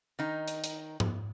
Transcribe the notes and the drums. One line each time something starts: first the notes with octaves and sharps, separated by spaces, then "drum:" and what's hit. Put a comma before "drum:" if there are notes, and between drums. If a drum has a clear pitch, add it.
D#3 D#4
drum: hi-hat
drum: hi-hat
drum: tom G#2